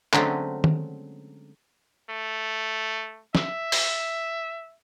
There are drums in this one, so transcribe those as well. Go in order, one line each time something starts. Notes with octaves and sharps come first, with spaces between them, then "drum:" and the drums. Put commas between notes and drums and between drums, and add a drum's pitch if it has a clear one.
D3 F#3 G#3 A3 C4 C#4, drum: clap
drum: tom D#3
A3
E5, drum: snare
drum: open hi-hat